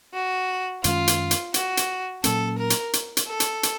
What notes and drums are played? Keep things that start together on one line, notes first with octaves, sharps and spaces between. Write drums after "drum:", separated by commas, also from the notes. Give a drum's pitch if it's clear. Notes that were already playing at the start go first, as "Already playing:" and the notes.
F#4
F#2 D#3 G#3 C#4 F4, drum: hi-hat
drum: hi-hat
drum: hi-hat
F#4, drum: hi-hat
drum: hi-hat
A#2 F#3 A#3 C#4 A4, drum: hi-hat
A#4
drum: hi-hat
drum: hi-hat
drum: hi-hat
A4
drum: hi-hat
drum: hi-hat